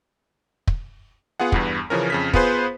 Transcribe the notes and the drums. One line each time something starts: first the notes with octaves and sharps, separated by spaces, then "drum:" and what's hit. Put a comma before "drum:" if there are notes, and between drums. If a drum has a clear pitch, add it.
drum: kick
B3 F4 G#4 F#5
E2 G2 B3, drum: kick
C#3 E3 F3 C#4 A#4
F2 C#3 B6
B3 F4 G#4 B4 C5, drum: kick